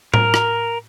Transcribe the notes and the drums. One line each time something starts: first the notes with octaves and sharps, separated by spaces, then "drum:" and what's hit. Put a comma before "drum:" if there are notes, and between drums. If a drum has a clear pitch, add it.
A#4, drum: tom A2
drum: rim click